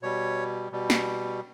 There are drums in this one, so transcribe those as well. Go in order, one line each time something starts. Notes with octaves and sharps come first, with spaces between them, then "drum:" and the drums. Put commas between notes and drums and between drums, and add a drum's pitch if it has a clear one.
B2 G3 C#5
B2 G3
drum: snare